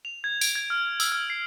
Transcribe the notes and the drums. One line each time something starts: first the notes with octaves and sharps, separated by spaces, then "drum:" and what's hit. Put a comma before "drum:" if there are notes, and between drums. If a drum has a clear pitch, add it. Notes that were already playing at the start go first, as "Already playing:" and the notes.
F7
G#6
D7, drum: tambourine
G#6
F6
E6, drum: tambourine
F6
C7